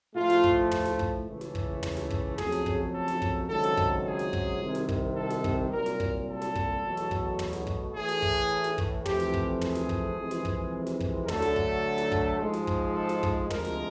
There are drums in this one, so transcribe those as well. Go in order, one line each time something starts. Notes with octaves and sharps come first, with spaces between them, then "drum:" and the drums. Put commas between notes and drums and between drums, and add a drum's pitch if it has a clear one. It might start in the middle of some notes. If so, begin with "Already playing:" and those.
A2 F3 A3 F4
drum: snare
drum: kick
drum: tom
drum: snare
drum: kick
C#2 C#3 E3 A3
drum: snare
drum: kick
drum: tom
drum: snare
drum: kick
F2 C#3 F#3 A3 G#4, drum: tom
drum: snare
drum: kick
A4
drum: snare
drum: kick
C#2 C3 D#3 F#3 A4
drum: snare
drum: kick
G#4
drum: snare
drum: kick
C2 C3 D#3
drum: snare
drum: kick
A4
drum: snare
drum: kick
C2 A#2 F#3 A#4
drum: snare
drum: kick
A4
drum: snare
drum: kick
E2 B2 F#3 A3
drum: snare
drum: kick
drum: tom
drum: snare
drum: kick
A2 E3 A3 G#4
drum: snare
drum: kick
drum: snare
drum: kick
F2 C3 E3 A3 G4, drum: tom
drum: snare
drum: kick
G#4, drum: tom
drum: snare
drum: kick
F2 C3 E3 G#3
drum: snare
drum: kick
drum: snare
drum: kick
D2 D3 F#3 A3 A4, drum: tom
drum: snare
drum: kick
drum: snare
drum: kick
G#2 F3 G#3
drum: snare
drum: kick
A4
drum: snare
drum: kick
D2 C3 F3 G#3 A#4, drum: tom
drum: snare